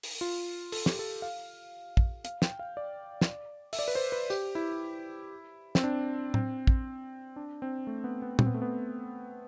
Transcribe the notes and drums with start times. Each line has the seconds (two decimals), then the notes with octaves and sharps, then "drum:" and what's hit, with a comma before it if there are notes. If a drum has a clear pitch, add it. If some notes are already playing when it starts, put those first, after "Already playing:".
0.03 drum: open hi-hat
0.21 F4
0.72 A4, drum: open hi-hat
0.86 G4, drum: snare
0.99 A4
1.22 F5
1.97 drum: kick
2.25 F5, drum: hi-hat
2.42 G5, drum: snare
2.59 F5
2.77 D5
3.21 drum: snare
3.73 E5, drum: open hi-hat
3.79 D5
3.88 B4
3.95 C5
4.12 B4
4.30 G4, drum: tambourine
4.55 E4
5.75 C4, drum: snare
5.84 D4
6.34 C4, drum: tom A2
6.67 drum: kick
7.36 D4
7.62 C4
7.87 A3
8.04 B3
8.22 B3
8.39 C4, drum: tom A#2
8.46 B3
8.54 A3
8.62 B3